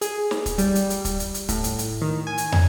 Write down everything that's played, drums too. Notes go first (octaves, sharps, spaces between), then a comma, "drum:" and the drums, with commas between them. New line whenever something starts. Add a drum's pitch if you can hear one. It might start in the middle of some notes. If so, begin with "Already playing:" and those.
G#4, drum: hi-hat
drum: snare
drum: kick, hi-hat
G3, drum: hi-hat
drum: hi-hat
drum: hi-hat
drum: kick, hi-hat
drum: hi-hat
drum: hi-hat
A2, drum: kick, hi-hat
drum: hi-hat
drum: hi-hat
D#3
G#5
drum: hi-hat
drum: tom